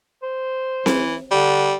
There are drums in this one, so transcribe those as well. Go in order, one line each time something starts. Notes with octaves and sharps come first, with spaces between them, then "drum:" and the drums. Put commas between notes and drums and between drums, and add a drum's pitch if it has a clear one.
C5
E3, drum: snare C4
D3 G3